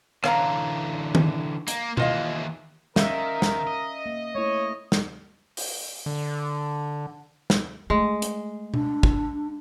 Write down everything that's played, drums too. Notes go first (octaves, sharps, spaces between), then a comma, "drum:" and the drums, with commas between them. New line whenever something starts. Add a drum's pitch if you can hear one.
D3 E3 C#5 F5 A#5, drum: rim click
drum: tom D#3
A#3, drum: hi-hat
D#2 E3 F4 D#5 F5, drum: tom B2
D#3 C#4 A#4 E5 F5, drum: snare
drum: snare
D#5
A#3
A3 E4 C#5
drum: snare
drum: open hi-hat
D3
drum: snare
G#3 A3
drum: hi-hat
D4, drum: tom B2
drum: kick